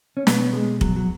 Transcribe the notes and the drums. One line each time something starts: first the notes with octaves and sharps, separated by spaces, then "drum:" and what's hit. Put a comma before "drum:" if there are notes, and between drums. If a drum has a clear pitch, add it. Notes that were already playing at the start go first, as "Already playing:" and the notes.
C#4
B2 B3, drum: snare
G#3
F#3, drum: kick
F#3